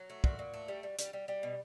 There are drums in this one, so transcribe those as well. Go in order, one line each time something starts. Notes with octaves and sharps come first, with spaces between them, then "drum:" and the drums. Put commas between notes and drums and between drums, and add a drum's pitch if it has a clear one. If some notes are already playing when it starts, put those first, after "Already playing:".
Already playing: F#3
A3
A#2 F#4, drum: kick
A#2
A3
G3
G3
G3, drum: hi-hat
G3
G3
B2